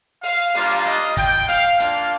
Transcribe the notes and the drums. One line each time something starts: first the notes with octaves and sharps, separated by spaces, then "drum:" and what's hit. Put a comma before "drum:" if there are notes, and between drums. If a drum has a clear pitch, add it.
F5, drum: open hi-hat
G3 A#3 D4 F4 F5, drum: open hi-hat
D#5, drum: hi-hat
G5, drum: kick, hi-hat
F5, drum: hi-hat
A#3 D4 F4 F5, drum: hi-hat